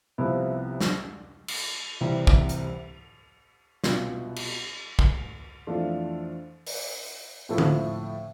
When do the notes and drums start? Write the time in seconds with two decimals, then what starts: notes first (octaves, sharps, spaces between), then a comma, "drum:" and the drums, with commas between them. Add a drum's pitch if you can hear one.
0.18 C2 C3 F3 B3 E4
0.81 drum: snare
1.48 drum: cymbal
2.01 C2 C3 E3 G3
2.27 drum: kick
2.49 drum: hi-hat
3.84 C2 B2 B3 F4, drum: snare
4.36 drum: cymbal
4.99 drum: kick
5.67 F2 E3 A3 D4 F4
6.67 drum: open hi-hat
7.49 A2 F3 A3 E4
7.58 drum: tom D3